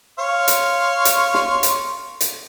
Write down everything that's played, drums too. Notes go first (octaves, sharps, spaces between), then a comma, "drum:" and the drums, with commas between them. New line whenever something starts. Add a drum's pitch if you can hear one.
C#5 F5 C6
drum: hi-hat
drum: hi-hat
drum: snare
drum: hi-hat
drum: hi-hat